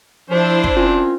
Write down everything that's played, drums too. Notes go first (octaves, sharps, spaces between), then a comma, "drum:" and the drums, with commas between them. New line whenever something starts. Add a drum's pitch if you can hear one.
F3 D4 E4 C5
drum: kick
A#2 C4 C#4 F4